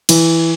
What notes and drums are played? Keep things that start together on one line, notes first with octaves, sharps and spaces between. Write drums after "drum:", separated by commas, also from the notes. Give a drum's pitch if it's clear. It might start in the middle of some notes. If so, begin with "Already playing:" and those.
E3, drum: cymbal